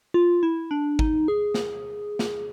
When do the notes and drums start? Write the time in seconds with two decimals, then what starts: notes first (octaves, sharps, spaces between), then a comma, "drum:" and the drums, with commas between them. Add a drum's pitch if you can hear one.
0.14 F4
0.43 E4
0.71 D4
0.99 D#4, drum: kick G#1
1.28 G#4
1.54 drum: snare
2.19 drum: snare